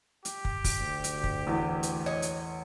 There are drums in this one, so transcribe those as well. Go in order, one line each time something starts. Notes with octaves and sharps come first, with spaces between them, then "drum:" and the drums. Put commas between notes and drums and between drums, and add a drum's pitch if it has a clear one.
G4, drum: hi-hat
drum: kick
drum: kick, open hi-hat
D2
drum: hi-hat
drum: kick
A1 E2
drum: hi-hat
C#5 D#5
drum: hi-hat